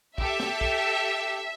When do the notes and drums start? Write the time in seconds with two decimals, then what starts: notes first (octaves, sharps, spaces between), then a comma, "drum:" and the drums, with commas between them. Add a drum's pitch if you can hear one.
0.18 G4 A4 E5, drum: kick
0.40 drum: snare
0.61 drum: kick